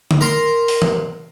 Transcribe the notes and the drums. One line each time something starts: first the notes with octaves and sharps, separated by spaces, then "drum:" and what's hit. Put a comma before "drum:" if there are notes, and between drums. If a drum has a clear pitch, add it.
drum: tom
A#4 C6
drum: open hi-hat
drum: tom E3